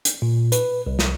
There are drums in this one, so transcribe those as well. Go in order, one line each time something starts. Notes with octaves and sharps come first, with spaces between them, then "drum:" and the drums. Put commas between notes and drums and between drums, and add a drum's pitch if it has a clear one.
drum: hi-hat
A#2
B4, drum: hi-hat
C2
drum: snare